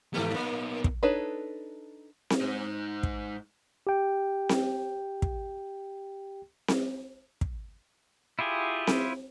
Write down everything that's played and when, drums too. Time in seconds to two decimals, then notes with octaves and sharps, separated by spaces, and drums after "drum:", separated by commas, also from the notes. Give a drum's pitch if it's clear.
0.14 G#2 D#3 A3 B3 G4
0.34 A#3 B3 D#4
0.84 drum: kick
1.03 D4 D#4 A4 B4 C#5
2.30 drum: snare C4
2.41 G#2 D#4
3.03 drum: kick
3.87 G4 G5
4.49 drum: snare C4
5.22 drum: kick
6.68 drum: snare C4
7.41 drum: kick
8.39 E4 F4 G4 G#4
8.87 drum: snare C4